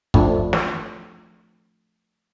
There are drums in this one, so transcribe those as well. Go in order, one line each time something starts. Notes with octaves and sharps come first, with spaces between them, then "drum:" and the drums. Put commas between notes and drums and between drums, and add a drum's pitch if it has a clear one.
F3 A3 D4, drum: kick
drum: snare